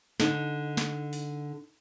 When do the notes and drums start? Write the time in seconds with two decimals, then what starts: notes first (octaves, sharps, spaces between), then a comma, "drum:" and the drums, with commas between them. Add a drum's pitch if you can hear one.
0.20 D3 D#4, drum: snare
0.77 drum: snare
1.13 drum: open hi-hat